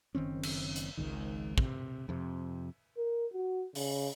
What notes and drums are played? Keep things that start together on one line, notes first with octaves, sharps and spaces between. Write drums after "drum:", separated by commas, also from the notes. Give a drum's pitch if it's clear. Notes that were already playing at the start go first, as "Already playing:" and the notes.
F#1 D#3 C4 C#4
drum: cymbal
drum: hi-hat
G#1 C#2 G#2 D#3
C3, drum: kick
F2 C3
A#4
F#4
C#3, drum: open hi-hat